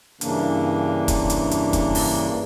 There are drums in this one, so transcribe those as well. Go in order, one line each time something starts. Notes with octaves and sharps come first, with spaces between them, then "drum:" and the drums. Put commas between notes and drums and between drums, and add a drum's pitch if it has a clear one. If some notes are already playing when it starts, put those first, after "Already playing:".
G2 C#3 E3 A#3 D4, drum: hi-hat
drum: kick, hi-hat
drum: hi-hat
drum: hi-hat
drum: kick, hi-hat
drum: open hi-hat